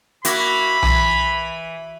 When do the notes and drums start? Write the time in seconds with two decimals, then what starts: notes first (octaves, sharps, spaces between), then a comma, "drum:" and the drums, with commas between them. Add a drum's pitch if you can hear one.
0.25 A#3 E4 F#4 B5, drum: hi-hat
0.83 E3, drum: tom B1